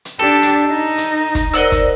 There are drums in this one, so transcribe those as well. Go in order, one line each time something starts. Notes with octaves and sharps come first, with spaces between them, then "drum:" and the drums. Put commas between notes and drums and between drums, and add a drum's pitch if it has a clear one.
drum: hi-hat
D4 G4 A4
drum: hi-hat
D#4
drum: hi-hat
drum: kick, hi-hat
A#4 C5 D5 D#5 F#5 E6, drum: hi-hat
drum: kick, hi-hat